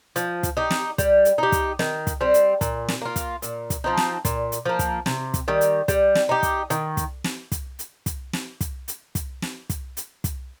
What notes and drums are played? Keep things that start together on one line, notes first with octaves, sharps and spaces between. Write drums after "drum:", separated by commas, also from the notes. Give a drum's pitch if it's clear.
F3, drum: hi-hat
drum: kick, hi-hat
D#4 G4
drum: snare
G3, drum: kick, hi-hat
drum: hi-hat
D#4 G4
drum: kick, hi-hat
D#3, drum: snare
drum: kick, hi-hat
G3 C4
drum: hi-hat
A#2, drum: kick, hi-hat
drum: snare
A#3 F4
drum: kick, hi-hat
A#2, drum: hi-hat
drum: kick, hi-hat
F3 C4 D#4
drum: snare
A#2, drum: kick, hi-hat
drum: hi-hat
F3 A#3
drum: kick, hi-hat
C3, drum: snare
drum: kick, hi-hat
D#3 G3
drum: hi-hat
G3, drum: kick, hi-hat
drum: snare
D#4 G4
drum: kick, hi-hat
D#3, drum: hi-hat
drum: kick, hi-hat
drum: snare
drum: kick, hi-hat
drum: hi-hat
drum: kick, hi-hat
drum: snare
drum: kick, hi-hat
drum: hi-hat
drum: kick, hi-hat
drum: snare
drum: kick, hi-hat
drum: hi-hat
drum: kick, hi-hat